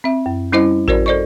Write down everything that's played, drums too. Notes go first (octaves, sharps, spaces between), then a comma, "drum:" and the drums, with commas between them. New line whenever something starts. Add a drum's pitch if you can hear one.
C4 E5
F#2
G3 C#4 E4 C5 D#5
F#4 A#4 C5 D5, drum: kick A1
A4 C5 D5 D#5 C#6